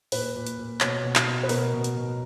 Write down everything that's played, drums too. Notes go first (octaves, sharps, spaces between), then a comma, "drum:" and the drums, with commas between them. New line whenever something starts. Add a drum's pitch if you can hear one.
A#2 B4, drum: open hi-hat
A#2
drum: hi-hat
A#2
B2 C#5, drum: clap
B2
drum: clap
B2
B4
B2 A#4, drum: open hi-hat
B2
drum: hi-hat
B2